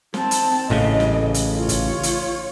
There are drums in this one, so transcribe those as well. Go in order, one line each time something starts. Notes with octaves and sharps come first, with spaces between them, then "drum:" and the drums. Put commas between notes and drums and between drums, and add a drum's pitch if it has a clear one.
C4 A5, drum: snare
drum: hi-hat
A1 A2 C#3 D#5
drum: snare
drum: hi-hat
F4 C#5
drum: kick, hi-hat
drum: hi-hat